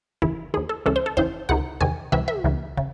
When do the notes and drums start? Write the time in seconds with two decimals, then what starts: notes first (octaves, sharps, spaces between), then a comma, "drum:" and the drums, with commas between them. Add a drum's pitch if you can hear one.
0.22 D#2 C#3 E3 E4, drum: kick
0.54 D#2 D#3 G#4
0.69 A4
0.86 C#2 C#3 E3 A4
0.96 C5
1.06 A4
1.17 E2 C#3 E3 C5, drum: kick
1.49 C#2 C3 D#3 F#5
1.81 E2 C3 D#3 G#5
2.12 C#2 C3 E3 E5
2.28 E5, drum: tom
2.44 C#2 C#3 E3
2.77 C#3, drum: kick